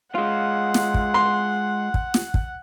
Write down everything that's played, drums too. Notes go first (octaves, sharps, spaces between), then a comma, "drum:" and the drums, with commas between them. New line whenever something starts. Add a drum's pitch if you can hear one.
G#3 F4 F#5
drum: snare
drum: kick
C6
drum: kick
drum: snare
drum: kick